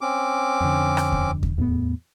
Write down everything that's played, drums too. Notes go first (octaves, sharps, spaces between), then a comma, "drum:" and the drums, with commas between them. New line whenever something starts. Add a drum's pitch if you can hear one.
C4 C#4 D6
F2 D3
drum: rim click
drum: kick D#2
drum: kick D#2
E2 A2 B3